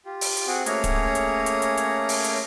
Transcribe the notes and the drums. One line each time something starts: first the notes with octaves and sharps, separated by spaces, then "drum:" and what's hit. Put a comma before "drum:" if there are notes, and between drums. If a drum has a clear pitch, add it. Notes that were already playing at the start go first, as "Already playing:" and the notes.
F4 G4
drum: open hi-hat
drum: hi-hat
C4 F#4 G#4
A3 A#3 C#4 G#4 C#5 A#5, drum: hi-hat
drum: kick, hi-hat
drum: hi-hat
drum: hi-hat
drum: hi-hat
drum: hi-hat
drum: open hi-hat
drum: hi-hat